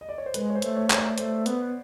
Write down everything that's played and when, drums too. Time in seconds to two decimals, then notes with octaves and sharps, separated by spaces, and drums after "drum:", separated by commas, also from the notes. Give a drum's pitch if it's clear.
0.01 D#5
0.09 D5
0.18 C#5
0.26 C5
0.34 G#3 B4, drum: hi-hat
0.50 C#5
0.55 C5
0.62 A3, drum: hi-hat
0.76 C#5
0.90 A3, drum: clap
0.97 D5
1.18 A3 C5, drum: hi-hat
1.46 B3, drum: hi-hat